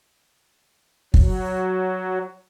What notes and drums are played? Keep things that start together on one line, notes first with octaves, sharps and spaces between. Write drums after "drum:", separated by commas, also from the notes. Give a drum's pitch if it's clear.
F#3, drum: kick